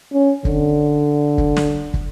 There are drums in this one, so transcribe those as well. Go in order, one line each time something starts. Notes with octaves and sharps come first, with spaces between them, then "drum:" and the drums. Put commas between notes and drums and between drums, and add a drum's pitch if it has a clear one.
C#4
D3, drum: kick
drum: kick
drum: snare
drum: kick